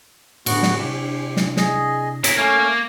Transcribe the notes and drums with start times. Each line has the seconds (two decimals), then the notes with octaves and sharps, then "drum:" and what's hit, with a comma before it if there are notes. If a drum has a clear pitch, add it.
0.46 A2 D3 B3 F#4, drum: cymbal
0.63 drum: snare
0.79 C3 D4 E4 G4
1.37 drum: snare
1.57 G#4 D#5, drum: snare
2.24 E4 A#4 C#5, drum: hi-hat
2.37 A3 A#3 C#4